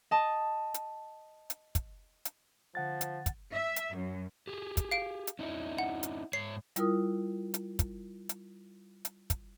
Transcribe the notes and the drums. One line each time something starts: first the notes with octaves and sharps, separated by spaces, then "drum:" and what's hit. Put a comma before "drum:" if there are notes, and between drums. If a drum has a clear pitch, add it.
D#5 A5
drum: hi-hat
drum: hi-hat
drum: kick, hi-hat
drum: hi-hat
D3 F3 F#5 A6
drum: hi-hat
drum: kick, hi-hat
E5
drum: hi-hat
F#2
G4 G#4
drum: kick, hi-hat
F5 D7
drum: hi-hat
C#4 D#4 E4
F#5
drum: hi-hat
G#2 C#5 C7
G3 E4 F4 A#4 D#6, drum: hi-hat
drum: hi-hat
drum: kick, hi-hat
drum: hi-hat
drum: hi-hat
drum: kick, hi-hat